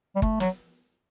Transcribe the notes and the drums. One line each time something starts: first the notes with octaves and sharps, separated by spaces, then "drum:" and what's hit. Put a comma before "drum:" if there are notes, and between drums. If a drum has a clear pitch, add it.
G3
A3, drum: kick
F#3, drum: snare